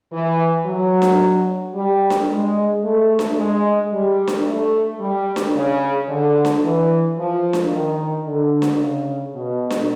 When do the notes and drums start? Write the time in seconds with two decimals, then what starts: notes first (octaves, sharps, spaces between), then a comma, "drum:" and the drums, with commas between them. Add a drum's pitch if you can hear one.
0.11 E3
0.66 F#3
1.02 drum: snare D4
1.74 G3
2.10 drum: snare D4
2.28 G#3
2.83 A3
3.19 drum: snare D4
3.37 G#3
3.92 G3
4.27 drum: snare D4
4.45 A3
4.99 G3
5.36 drum: snare D4
5.54 C#3
6.08 D3
6.45 drum: snare D4
6.62 E3
7.17 F3
7.53 drum: snare D4
7.71 D#3
8.25 D3
8.62 drum: snare D4
8.79 C#3
9.34 B2
9.70 drum: snare D4